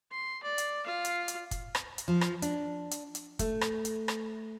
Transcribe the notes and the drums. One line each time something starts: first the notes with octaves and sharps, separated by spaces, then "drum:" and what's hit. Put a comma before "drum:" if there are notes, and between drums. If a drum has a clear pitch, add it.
C6
D5
drum: hi-hat
F4 F5
drum: hi-hat
drum: hi-hat
drum: kick, hi-hat
drum: rim click
drum: hi-hat
F3
drum: rim click
D4, drum: hi-hat
drum: hi-hat
drum: hi-hat
A3, drum: kick, hi-hat
drum: rim click
drum: hi-hat
drum: rim click